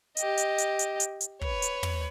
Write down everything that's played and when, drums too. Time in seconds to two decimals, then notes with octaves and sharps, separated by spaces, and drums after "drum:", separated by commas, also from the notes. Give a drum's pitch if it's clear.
0.17 G4 D#5, drum: hi-hat
0.37 drum: hi-hat
0.58 drum: hi-hat
0.79 drum: hi-hat
1.00 drum: hi-hat
1.21 drum: hi-hat
1.41 B4 C#5, drum: kick
1.62 drum: hi-hat
1.83 drum: tom